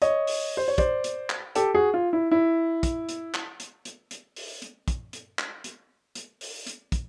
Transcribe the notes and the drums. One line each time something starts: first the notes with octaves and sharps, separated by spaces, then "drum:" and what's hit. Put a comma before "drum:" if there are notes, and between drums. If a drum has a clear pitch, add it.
C#5 D#5, drum: hi-hat
drum: open hi-hat
C5
C#5
C5 D5, drum: kick, hi-hat
drum: hi-hat
drum: clap
G4 A4, drum: hi-hat
F#4 G#4
F4
E4
E4
drum: kick, hi-hat
drum: hi-hat
drum: clap
drum: hi-hat
drum: hi-hat
drum: hi-hat
drum: open hi-hat
drum: hi-hat
drum: kick, hi-hat
drum: hi-hat
drum: clap
drum: hi-hat
drum: hi-hat
drum: open hi-hat
drum: hi-hat
drum: kick, hi-hat